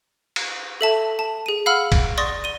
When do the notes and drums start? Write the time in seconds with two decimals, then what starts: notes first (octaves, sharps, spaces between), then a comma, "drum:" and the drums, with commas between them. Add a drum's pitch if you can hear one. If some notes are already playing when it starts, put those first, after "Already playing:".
0.36 drum: cymbal
0.81 A4 E5 A5
1.19 A5
1.46 G#4 D#7
1.66 F5 F#5 B5 E6 F6
1.92 drum: kick A#1, cymbal
2.18 D5 C6 C#6 D#6 A6 A#6
2.44 D#7 G7